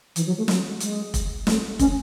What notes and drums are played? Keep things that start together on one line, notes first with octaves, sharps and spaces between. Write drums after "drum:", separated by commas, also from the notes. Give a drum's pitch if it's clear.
E3, drum: hi-hat
F#3
A3
F#3, drum: snare
G#3, drum: hi-hat
drum: kick, hi-hat
A3, drum: snare
C#4, drum: kick, hi-hat